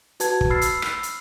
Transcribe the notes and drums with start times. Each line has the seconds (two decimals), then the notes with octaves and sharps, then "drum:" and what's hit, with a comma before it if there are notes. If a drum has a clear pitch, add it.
0.20 F#4 B4 A5 G#6, drum: hi-hat
0.41 drum: kick
0.50 B5 E6 F6 A6 C7
0.61 drum: hi-hat
0.82 drum: rim click
1.03 drum: hi-hat